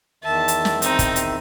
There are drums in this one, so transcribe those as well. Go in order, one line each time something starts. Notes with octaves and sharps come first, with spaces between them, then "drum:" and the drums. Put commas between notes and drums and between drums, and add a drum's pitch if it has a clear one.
E2 D#3 E5 A5
drum: hi-hat
drum: snare
C4 D#4, drum: hi-hat
drum: kick, hi-hat
drum: hi-hat